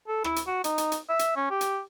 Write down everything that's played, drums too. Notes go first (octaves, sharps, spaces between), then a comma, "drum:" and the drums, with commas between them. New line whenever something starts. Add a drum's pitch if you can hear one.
A4
E4, drum: rim click
drum: hi-hat
F#4
D#4, drum: hi-hat
drum: hi-hat
drum: hi-hat
E5
drum: hi-hat
C#4
G4
drum: hi-hat